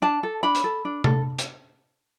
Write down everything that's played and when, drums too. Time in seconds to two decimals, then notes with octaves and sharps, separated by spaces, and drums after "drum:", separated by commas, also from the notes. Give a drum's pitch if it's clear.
0.02 D4 A5
0.23 A4
0.43 D4 B5
0.55 drum: hi-hat
0.64 A4
0.85 D4
1.04 A4, drum: tom C3
1.39 drum: hi-hat